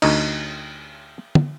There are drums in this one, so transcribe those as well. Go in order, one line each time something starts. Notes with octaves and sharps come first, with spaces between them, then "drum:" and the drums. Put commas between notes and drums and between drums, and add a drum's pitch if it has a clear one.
D2 D#4, drum: cymbal
drum: tom